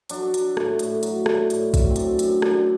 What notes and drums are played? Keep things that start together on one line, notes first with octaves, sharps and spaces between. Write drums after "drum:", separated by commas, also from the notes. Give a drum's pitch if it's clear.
F#3 D4, drum: hi-hat
F#3, drum: hi-hat
A2, drum: rim click
A2, drum: hi-hat
F#3, drum: hi-hat
A2, drum: rim click
A2, drum: hi-hat
F#3, drum: kick, hi-hat
C4
F#3 D4, drum: hi-hat
F#2, drum: hi-hat
F#3 D4, drum: rim click